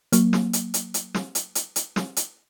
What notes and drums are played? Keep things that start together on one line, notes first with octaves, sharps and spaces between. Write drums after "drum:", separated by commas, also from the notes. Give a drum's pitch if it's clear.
F#3 A#3, drum: hi-hat
drum: snare
drum: hi-hat
drum: hi-hat
drum: hi-hat
drum: snare
drum: hi-hat
drum: hi-hat
drum: hi-hat
drum: snare
drum: hi-hat